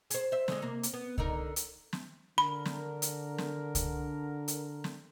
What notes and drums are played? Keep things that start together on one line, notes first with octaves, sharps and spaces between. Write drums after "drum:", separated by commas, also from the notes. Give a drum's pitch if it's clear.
G#4 C5, drum: hi-hat
C5 E5
D3 G#3, drum: snare
C3 A#3
drum: hi-hat
B3
D3 D#4 A#4, drum: kick C2
drum: hi-hat
drum: snare
D3 A#4 B5
drum: snare
drum: hi-hat
drum: snare
drum: kick C2, hi-hat
drum: hi-hat
drum: snare